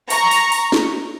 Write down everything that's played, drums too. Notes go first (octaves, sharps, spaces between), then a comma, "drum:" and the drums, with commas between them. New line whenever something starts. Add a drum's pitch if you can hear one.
A#5 C#6, drum: open hi-hat
drum: open hi-hat
drum: open hi-hat
drum: snare